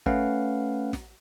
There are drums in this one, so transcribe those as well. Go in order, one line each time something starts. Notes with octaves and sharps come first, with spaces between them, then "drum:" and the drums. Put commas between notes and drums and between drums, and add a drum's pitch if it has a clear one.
A3 C#4 B4 F5 F#5, drum: kick
drum: snare